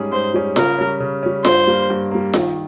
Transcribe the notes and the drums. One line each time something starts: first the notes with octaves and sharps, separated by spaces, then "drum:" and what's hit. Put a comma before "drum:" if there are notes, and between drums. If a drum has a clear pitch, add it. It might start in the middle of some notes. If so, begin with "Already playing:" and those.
Already playing: G#2 G3 C#4 G#4
G#2 C5
G3 C#4 G#4
C#3 A#4, drum: snare F4
G3 C#4
C#3
G3 C#4
G2 C5, drum: snare F4
G3 A#3
G2
G3 A#3
D#3, drum: snare F4